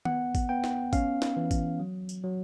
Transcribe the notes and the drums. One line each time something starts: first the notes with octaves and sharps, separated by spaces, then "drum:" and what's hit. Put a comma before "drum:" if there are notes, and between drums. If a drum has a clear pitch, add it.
B3 F#5, drum: tom D#3
drum: kick, tambourine
B3 G5
drum: snare
C#4 F5, drum: kick, tambourine
drum: snare
E3
drum: kick, tambourine
F#3
drum: tambourine
F#3